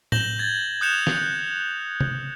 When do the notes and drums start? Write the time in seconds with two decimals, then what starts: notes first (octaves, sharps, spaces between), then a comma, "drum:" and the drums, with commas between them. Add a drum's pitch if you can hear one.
0.12 G6 A#6 E7 F#7 G7, drum: tom A2
0.39 G#6 A6
0.81 D#6 F#6 G6 C#7 E7 F7
1.07 drum: snare
2.00 drum: tom C3